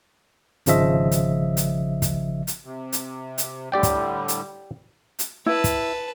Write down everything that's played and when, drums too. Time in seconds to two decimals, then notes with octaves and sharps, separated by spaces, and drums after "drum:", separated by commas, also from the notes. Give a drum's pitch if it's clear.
0.66 G#1 C#3 F3 D#5 E5, drum: hi-hat
1.11 drum: hi-hat
1.57 drum: hi-hat
2.02 drum: kick, hi-hat
2.47 drum: hi-hat
2.65 C3
2.92 drum: hi-hat
3.38 drum: hi-hat
3.72 A2 D3 G3 G4 D5 G5
3.83 drum: kick, hi-hat
4.28 drum: hi-hat
5.19 drum: hi-hat
5.46 E4 B4 A5
5.64 drum: kick, hi-hat